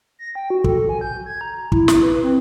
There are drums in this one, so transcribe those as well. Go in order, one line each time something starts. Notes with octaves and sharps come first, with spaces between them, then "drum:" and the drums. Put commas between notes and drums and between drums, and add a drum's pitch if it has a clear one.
A#6
G5
F#4
A4, drum: kick
G#5
G6
G#6
A#5
E4, drum: kick
drum: snare
B4
C4